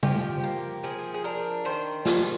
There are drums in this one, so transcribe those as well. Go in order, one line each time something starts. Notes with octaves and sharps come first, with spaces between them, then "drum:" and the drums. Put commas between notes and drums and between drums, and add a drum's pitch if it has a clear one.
F3 G4, drum: tom
A#3
F3 G#4
G#4
D4 A#4
D#3 C5
G3, drum: snare